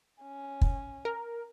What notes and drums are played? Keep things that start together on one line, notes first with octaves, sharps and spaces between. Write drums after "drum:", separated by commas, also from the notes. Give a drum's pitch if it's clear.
C#4
drum: kick
A#4